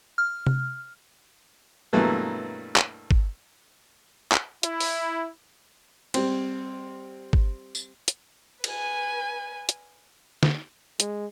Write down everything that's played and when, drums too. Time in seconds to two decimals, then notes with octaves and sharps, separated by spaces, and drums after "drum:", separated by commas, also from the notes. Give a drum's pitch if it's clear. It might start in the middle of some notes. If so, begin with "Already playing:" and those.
0.18 F6
0.47 drum: tom C3
1.93 G2 B2 E3 F#3 A3 A#3
2.76 drum: clap
3.11 drum: kick
4.32 drum: clap
4.63 E4, drum: hi-hat
4.80 drum: open hi-hat
6.14 G3 C4, drum: cymbal
7.33 drum: kick
7.75 drum: tambourine
8.08 drum: hi-hat
8.64 B4 G#5, drum: cymbal
9.69 drum: hi-hat
10.43 drum: snare
11.00 G#3, drum: hi-hat